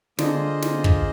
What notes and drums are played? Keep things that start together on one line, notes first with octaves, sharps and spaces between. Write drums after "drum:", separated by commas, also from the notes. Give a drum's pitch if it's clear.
D3 A#3 F4 G#4 C5 D#5, drum: snare
drum: snare
drum: kick